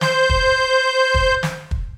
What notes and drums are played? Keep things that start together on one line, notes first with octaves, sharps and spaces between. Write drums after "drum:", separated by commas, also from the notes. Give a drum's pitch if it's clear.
C5 G6, drum: snare
drum: kick
drum: kick
drum: snare
drum: kick